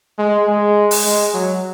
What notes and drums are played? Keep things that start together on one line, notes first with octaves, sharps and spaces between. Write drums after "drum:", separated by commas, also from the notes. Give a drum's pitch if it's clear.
G#3
G#3
drum: open hi-hat
G#3
F#3